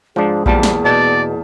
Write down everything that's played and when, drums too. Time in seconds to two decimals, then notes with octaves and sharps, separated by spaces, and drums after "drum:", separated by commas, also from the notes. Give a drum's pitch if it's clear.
0.16 G#2 F3 D4 G#4
0.46 E2 A#2 F3 G3 A5, drum: kick A#1
0.63 drum: snare
0.85 B2 D5 A5